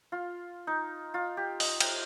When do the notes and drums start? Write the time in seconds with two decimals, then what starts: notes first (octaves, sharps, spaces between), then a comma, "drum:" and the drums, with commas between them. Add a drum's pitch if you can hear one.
0.12 F4
0.67 D#4
1.14 F4
1.37 G4
1.60 D#5, drum: open hi-hat
1.80 G5, drum: cymbal